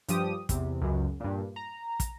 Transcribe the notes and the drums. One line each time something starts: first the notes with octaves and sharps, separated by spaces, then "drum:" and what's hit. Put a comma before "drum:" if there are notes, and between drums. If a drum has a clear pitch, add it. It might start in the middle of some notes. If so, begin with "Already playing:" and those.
G2 F3 G4 D#6, drum: hi-hat
E2 C3, drum: kick, hi-hat
C#2 F#2
G2 A#2
A#5
drum: kick, hi-hat